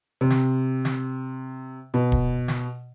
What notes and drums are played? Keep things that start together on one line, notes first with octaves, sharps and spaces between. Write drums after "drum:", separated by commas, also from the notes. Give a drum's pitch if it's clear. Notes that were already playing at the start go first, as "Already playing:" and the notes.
C3
drum: snare
drum: snare
B2
drum: kick D1
drum: snare